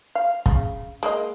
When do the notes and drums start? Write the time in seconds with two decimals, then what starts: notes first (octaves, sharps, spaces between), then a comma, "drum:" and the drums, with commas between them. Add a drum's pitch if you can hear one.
0.15 F5
0.46 C#3, drum: kick
1.03 G#3 A#3 D#5